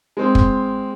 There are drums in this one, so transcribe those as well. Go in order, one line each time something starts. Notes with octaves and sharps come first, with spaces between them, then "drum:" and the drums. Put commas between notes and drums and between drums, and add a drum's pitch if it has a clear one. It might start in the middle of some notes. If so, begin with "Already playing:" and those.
G#3 C4
drum: kick